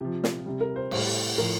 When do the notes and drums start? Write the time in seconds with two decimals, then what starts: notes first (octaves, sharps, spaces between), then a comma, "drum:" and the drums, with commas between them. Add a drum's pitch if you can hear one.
0.01 C3 F3 G4
0.24 F4, drum: snare
0.45 C3 G3
0.61 A#4
0.76 C5
0.91 A2 G3 C5, drum: cymbal
1.38 A2 F3 A#4